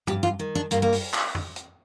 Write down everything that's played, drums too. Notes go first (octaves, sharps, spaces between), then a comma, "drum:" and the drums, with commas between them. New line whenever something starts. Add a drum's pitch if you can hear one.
G2 G4, drum: tom
F4
D#3
D4
G2 A#3, drum: hi-hat
A#3
drum: open hi-hat
drum: clap
drum: tom
drum: hi-hat